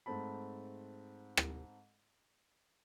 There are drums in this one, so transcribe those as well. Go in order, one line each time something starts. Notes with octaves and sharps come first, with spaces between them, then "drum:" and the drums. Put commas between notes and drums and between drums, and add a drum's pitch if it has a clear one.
G#2 A3 C4 A5 B5
drum: rim click